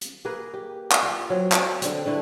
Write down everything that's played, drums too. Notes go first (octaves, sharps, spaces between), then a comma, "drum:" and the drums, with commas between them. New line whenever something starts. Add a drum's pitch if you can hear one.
drum: hi-hat
A#3 G#4 A#4 B4
G4
drum: clap
F4 F5
F#3 C4
drum: clap
D3 C4, drum: hi-hat
D3 A3 E4 B4